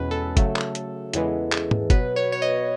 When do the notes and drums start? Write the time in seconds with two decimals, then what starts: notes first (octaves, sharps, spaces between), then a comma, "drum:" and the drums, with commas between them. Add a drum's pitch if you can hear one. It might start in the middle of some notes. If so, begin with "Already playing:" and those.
Already playing: E2 B2 G#3 B3 C#4 B4
0.11 A4
0.37 C#3 F#3 A3, drum: kick G1, hi-hat
0.56 drum: clap
0.75 drum: hi-hat
1.14 E2 C#3 E3 G#3 B3, drum: hi-hat
1.52 drum: clap
1.71 drum: tom G#2
1.90 B2 F#3 B3 B4, drum: kick G1, hi-hat
2.16 C#5
2.32 C#5
2.42 D#5